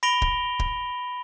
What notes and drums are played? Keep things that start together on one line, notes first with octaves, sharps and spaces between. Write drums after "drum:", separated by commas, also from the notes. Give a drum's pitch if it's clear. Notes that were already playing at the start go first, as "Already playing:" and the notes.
B5 A#6 D7 F7 G7
drum: kick
drum: kick